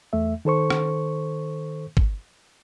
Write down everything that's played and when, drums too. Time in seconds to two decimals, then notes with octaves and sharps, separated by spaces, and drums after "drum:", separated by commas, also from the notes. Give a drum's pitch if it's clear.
0.13 E2 A3 E5
0.45 D#3 A4 C5 C#6
0.70 drum: rim click
1.97 drum: kick